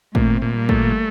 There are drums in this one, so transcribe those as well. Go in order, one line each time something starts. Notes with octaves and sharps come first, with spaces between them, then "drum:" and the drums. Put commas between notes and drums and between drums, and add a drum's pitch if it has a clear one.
A#2 A3 C4, drum: kick
A#2
G3 A#3
A3, drum: kick